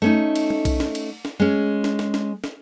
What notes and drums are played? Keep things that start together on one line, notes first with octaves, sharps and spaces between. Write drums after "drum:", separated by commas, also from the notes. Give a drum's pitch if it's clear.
A3 C#4 D#4
drum: cymbal
drum: tom
drum: kick B1, cymbal
drum: snare
drum: cymbal
drum: snare
G#3 C#4
drum: snare
drum: snare
drum: snare
drum: snare